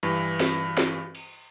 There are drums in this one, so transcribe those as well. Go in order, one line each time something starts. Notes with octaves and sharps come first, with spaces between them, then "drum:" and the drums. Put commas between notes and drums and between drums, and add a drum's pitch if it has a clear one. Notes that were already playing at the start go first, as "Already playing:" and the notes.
G2 E3, drum: cymbal
drum: snare
drum: snare
drum: cymbal